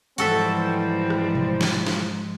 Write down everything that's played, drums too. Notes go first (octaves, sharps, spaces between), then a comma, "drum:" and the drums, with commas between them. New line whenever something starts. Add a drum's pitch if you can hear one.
G#2 E3 F3 G3 C4 F#4 A4 E5, drum: hi-hat
drum: rim click
drum: tom B2
drum: snare
drum: snare